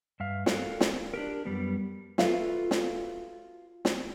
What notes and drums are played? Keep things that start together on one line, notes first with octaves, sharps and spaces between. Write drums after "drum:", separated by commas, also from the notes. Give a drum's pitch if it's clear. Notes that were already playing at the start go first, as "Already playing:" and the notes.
G2 E5 F5
F#4 A4 A#4 F5, drum: snare
drum: snare
D4 G4 A#4
F#2 G3 B3
F4 F#4 A4 B4 E5 F5, drum: snare
drum: snare
drum: snare